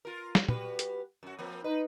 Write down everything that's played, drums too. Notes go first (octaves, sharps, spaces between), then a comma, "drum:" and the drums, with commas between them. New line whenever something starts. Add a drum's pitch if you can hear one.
F4 A#4
drum: snare
G3 F#4 B4, drum: tom
drum: hi-hat
F#2 F#4
F3 A#3 C4
D#4 B4